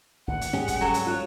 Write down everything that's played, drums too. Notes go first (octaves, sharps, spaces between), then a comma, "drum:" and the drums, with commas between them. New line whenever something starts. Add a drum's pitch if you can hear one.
G#1 D2 F#5
drum: hi-hat
G#2 G3 C#4 G4 G#4
drum: kick, hi-hat
F#3 A4
drum: hi-hat
F4 F#4 C#5 F#6